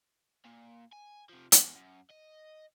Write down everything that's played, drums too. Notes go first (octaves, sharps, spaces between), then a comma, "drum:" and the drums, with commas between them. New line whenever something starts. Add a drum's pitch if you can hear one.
A#2
G#5
C3 F3
E2, drum: hi-hat
F#2
D#5